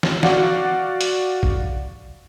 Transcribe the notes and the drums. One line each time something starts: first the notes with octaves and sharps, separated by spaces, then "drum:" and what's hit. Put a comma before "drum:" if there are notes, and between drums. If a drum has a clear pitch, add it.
drum: snare
F#4 D5 F5 F#5, drum: snare
drum: hi-hat
drum: kick